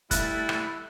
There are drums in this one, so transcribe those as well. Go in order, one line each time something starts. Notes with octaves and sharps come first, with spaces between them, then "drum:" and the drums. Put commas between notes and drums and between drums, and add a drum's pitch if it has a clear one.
G3 A3 E4 A4 F#6, drum: kick, hi-hat
drum: rim click